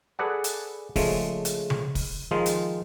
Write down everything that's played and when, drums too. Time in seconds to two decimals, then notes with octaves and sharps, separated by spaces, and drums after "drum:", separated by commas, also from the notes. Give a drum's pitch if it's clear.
0.19 G#4 A4 B4 D5 F#5
0.44 drum: hi-hat
0.96 C#3 F3 G#3 A3, drum: kick, open hi-hat
1.45 drum: hi-hat
1.70 drum: tom C#3
1.95 drum: kick, open hi-hat
2.31 D#3 F3 G#3 D#4 F4
2.46 drum: hi-hat